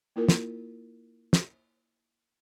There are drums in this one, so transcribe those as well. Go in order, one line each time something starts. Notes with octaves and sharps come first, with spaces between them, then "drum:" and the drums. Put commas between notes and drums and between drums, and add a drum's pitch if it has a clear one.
A#3 E4 F4 A#4
drum: snare
drum: snare